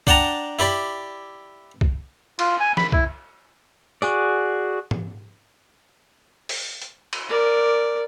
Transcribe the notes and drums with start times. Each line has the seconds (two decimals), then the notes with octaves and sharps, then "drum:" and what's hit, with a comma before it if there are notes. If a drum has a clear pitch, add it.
0.07 D4 F#5 G5 A5 A#5, drum: kick
0.59 E4 G4 D5 B5
1.81 drum: kick
2.39 F4, drum: cymbal
2.60 G#5
2.77 B5, drum: snare
2.92 E4, drum: kick
4.02 F#4 G#4 D5, drum: tambourine
4.91 drum: tom G#2
6.49 drum: open hi-hat
6.82 drum: hi-hat
7.13 drum: cymbal
7.29 A#4 D5